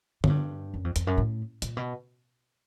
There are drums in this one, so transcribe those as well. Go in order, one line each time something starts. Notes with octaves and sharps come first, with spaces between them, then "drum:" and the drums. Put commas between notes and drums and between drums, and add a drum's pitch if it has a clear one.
G#2, drum: tom D3
G2
F#2
F2
F2, drum: hi-hat
F#2
A2
A#2, drum: hi-hat
B2